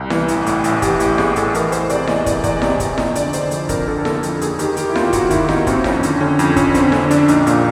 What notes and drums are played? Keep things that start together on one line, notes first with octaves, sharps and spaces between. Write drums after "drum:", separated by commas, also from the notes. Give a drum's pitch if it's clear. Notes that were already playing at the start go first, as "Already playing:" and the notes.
Already playing: C2
E3, drum: snare E4
A1, drum: hi-hat
A2, drum: hi-hat
A1, drum: hi-hat
E3 G4, drum: kick, hi-hat
A1 G4, drum: hi-hat
A2 G#4, drum: snare E4
A1 A4, drum: hi-hat
E3 A#4, drum: hi-hat
E2 C5, drum: hi-hat
C3 D5, drum: hi-hat
E2 D#5, drum: snare E4
E3 D5, drum: kick, hi-hat
E2 D5, drum: kick, hi-hat
C3 D#5, drum: snare E4
E2, drum: kick, hi-hat
F2 D#5, drum: snare E4
D3 D5, drum: hi-hat
D3 C5, drum: hi-hat
F2, drum: hi-hat
F2 A#4, drum: kick, hi-hat
D3 A4
D3 A4, drum: snare E4
F2 A4, drum: hi-hat
D#2 G#4, drum: hi-hat
D#3 G4, drum: hi-hat
D#3 G4, drum: hi-hat
E4
D#2 F4, drum: snare E4
D#2 F#4, drum: kick, hi-hat
D#3 E4, drum: kick, hi-hat
D#3 D#4, drum: snare E4
D#2 C4, drum: kick, hi-hat
F2 C#4, drum: snare E4
D3, drum: hi-hat
D3 C#4
F2, drum: hi-hat
F2 C#4, drum: kick, hi-hat
C#4
D3 C4, drum: hi-hat
D3 C#4, drum: snare E4
F2 D4, drum: hi-hat
A#1 D#4, drum: hi-hat
A#2, drum: hi-hat